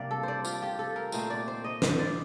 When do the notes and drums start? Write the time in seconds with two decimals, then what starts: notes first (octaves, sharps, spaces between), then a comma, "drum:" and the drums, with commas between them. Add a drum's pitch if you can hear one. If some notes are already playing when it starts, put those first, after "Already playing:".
Already playing: C3 G3 A#3 D4 D5 F5
0.11 A4
0.23 C5 D5
0.45 F4, drum: tambourine
0.62 G4
0.79 A4
0.96 A#4
1.12 A#2 A3 C4 D#4 C5, drum: tambourine
1.30 D5
1.48 C5
1.64 D#5
1.82 C5, drum: snare
1.99 D5